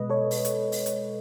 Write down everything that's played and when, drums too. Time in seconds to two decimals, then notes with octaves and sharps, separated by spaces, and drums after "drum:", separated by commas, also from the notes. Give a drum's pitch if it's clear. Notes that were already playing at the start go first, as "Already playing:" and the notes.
Already playing: B2 G#3 B4 D#5
0.10 A4 C#5
0.31 drum: open hi-hat
0.45 drum: hi-hat
0.72 drum: open hi-hat
0.86 drum: hi-hat